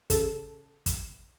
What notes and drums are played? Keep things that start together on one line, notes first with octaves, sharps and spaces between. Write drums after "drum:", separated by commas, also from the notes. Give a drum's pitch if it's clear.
A1 C#3 A4, drum: kick, hi-hat
drum: kick, hi-hat